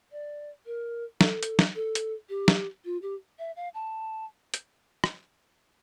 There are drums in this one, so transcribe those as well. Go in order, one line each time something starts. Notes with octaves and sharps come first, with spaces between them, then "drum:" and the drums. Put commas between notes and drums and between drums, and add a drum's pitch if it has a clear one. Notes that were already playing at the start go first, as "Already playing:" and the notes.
D5
A#4
A4, drum: snare
drum: hi-hat
drum: snare
A4
drum: hi-hat
G4
drum: snare
F4
G4
E5
F5
A5
drum: hi-hat
drum: rim click